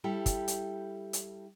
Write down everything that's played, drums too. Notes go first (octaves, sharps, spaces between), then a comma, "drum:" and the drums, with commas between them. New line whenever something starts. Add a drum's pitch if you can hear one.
G3 E4 G4 A4
drum: kick, hi-hat
drum: hi-hat
drum: hi-hat